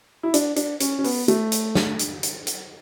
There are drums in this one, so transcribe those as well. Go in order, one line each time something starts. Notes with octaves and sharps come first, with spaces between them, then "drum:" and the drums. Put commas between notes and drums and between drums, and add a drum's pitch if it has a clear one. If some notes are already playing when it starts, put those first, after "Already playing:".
E4
D4, drum: hi-hat
D4, drum: hi-hat
C#4, drum: hi-hat
C#4
B3, drum: open hi-hat
A3, drum: hi-hat
drum: hi-hat
drum: snare
drum: hi-hat
drum: hi-hat
drum: hi-hat